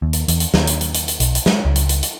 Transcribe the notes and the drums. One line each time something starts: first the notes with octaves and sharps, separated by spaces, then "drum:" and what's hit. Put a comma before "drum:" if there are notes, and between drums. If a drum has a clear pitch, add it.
D#2
drum: hi-hat
E2, drum: hi-hat
drum: hi-hat
D#2, drum: snare
drum: hi-hat
drum: hi-hat
drum: hi-hat
drum: hi-hat
B1, drum: hi-hat
drum: hi-hat
G#3, drum: snare
C#2
drum: hi-hat
drum: hi-hat
drum: hi-hat